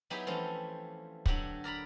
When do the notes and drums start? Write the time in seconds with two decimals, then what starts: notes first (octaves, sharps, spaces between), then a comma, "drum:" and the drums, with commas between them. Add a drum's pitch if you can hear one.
0.10 F#3 B3 D#4 E4 G4 G#4
0.27 E3 F3 A3 C4 C#4
1.26 D3 F#3 F#4 G4 F#5, drum: kick
1.64 A#4 D5 A#5 B5